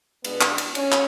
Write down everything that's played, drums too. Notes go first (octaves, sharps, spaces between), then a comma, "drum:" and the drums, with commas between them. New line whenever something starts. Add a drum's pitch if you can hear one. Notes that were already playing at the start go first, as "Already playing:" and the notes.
B2 G#3 B3 D4 B4, drum: cymbal
drum: clap
drum: cymbal
C#4 C#5, drum: cymbal
drum: clap